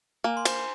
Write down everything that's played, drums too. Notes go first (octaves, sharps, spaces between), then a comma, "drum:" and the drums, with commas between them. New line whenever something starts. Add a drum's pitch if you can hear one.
A#3 G#5
C6
C5 A#5, drum: cymbal